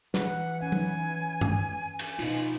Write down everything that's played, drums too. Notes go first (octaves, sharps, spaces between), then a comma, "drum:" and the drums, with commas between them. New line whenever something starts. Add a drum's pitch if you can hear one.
E3 B4 F#5, drum: snare
C#4 F#5 G#5
drum: tom F#3
drum: tom G2
drum: cymbal
B2 D#4 F4, drum: cymbal